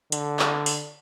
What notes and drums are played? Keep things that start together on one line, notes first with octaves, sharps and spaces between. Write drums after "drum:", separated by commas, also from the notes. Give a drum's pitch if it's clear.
D3, drum: hi-hat
drum: clap
drum: open hi-hat